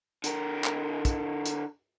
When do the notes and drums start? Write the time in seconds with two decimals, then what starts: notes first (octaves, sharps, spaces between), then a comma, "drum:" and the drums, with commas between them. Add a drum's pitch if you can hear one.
0.24 D3 A#4, drum: hi-hat
0.64 drum: clap
1.05 drum: kick, hi-hat
1.46 drum: hi-hat